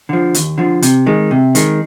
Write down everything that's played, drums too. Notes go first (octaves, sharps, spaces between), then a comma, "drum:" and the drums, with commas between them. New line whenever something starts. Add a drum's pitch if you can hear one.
D3 F3
D#2, drum: hi-hat
D3 F3
C3, drum: hi-hat
D#3 G#3
C3
D#3 G#3, drum: hi-hat